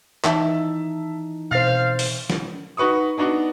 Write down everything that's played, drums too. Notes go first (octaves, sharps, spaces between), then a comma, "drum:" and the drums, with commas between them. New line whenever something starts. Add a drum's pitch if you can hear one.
E3 D#4 E5 A5, drum: clap
B2 C5 F5 F6 A6
drum: open hi-hat
drum: snare
D#4 F#4 B4 C#6 D#6
B3 D4 D#4 F#4